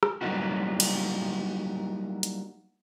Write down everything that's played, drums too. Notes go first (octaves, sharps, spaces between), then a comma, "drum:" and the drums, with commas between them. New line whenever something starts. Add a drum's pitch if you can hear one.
drum: rim click
F#3 G3 A#3 D#4 E4 F#4
drum: cymbal
drum: hi-hat